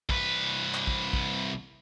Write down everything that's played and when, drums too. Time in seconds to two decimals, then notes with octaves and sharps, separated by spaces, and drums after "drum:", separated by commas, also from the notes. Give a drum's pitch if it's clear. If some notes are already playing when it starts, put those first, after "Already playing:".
0.09 C2 B4, drum: kick
0.74 drum: clap
0.87 drum: kick
1.13 drum: kick